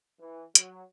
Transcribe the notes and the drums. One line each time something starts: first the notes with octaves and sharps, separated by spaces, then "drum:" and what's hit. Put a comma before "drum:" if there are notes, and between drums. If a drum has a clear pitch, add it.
E3
F#3, drum: hi-hat